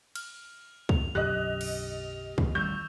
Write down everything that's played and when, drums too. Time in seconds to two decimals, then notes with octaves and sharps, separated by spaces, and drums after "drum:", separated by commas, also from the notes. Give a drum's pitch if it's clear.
0.15 F6, drum: cymbal
0.89 F7, drum: kick
1.15 B1 F#2 D3 G4 D#5 F#6
1.61 drum: cymbal
2.38 A2 E3, drum: kick
2.55 A1 D#3 G3 C#6 E6 G6